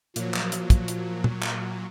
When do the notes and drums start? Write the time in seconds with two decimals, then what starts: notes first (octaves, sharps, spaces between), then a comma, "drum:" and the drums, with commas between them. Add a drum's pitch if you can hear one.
0.16 A#2 F3 F#3, drum: hi-hat
0.34 drum: clap
0.52 drum: hi-hat
0.70 drum: kick, hi-hat
0.88 drum: hi-hat
1.24 drum: tom
1.42 drum: clap